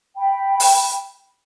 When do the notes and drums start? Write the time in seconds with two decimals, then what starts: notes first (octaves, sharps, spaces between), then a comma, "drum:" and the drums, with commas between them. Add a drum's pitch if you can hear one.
0.17 G5 B5
0.60 drum: open hi-hat